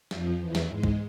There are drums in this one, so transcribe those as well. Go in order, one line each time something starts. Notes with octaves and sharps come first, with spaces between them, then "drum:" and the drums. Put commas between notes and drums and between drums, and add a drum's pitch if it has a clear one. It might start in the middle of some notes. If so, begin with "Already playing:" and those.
F2 F3, drum: snare
E2 E3
drum: snare
G#2 G#3
drum: kick